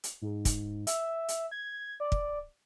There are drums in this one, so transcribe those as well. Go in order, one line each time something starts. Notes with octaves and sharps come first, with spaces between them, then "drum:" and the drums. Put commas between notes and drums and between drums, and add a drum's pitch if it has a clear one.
drum: hi-hat
G#2
drum: kick, hi-hat
E5, drum: hi-hat
drum: hi-hat
G#6
D5
drum: kick